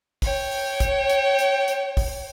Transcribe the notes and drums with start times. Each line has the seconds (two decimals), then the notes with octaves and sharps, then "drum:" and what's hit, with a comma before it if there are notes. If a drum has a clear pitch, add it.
0.22 C#5 G5, drum: kick, open hi-hat
0.51 drum: open hi-hat
0.80 drum: kick, hi-hat
1.10 drum: hi-hat
1.39 drum: hi-hat
1.68 drum: hi-hat
1.97 drum: kick, open hi-hat